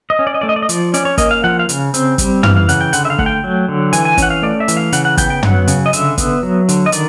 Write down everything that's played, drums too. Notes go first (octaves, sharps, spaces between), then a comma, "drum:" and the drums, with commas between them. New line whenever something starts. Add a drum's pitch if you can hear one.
D#5
C#4
D5
D#5
A3 D5
D#5
D5
D#5
F3 D5, drum: hi-hat
C#4 D5, drum: hi-hat
C#5
A#3 D#5, drum: kick, hi-hat
F5
F3 F#5
F5
C#3, drum: hi-hat
C4, drum: hi-hat
G3, drum: kick, hi-hat
E3 F5, drum: tom
F5
C#3 F#5, drum: hi-hat
G5
D3 F#5, drum: hi-hat
E5
F5
A3 F#5, drum: kick
G5
F#3
D3
E3 G#5, drum: hi-hat
G#5
C#4 F#5, drum: kick, hi-hat
F5
A3 D5
E5
E3, drum: hi-hat
F5
C#3 F#5, drum: hi-hat
F#5
B3 G5, drum: kick, hi-hat
G5
F#3 F#5, drum: tom
C#3, drum: hi-hat
D#5
D3 E5, drum: hi-hat
B3, drum: kick, hi-hat
F#3
D3, drum: hi-hat
D#5
D#3 D5, drum: hi-hat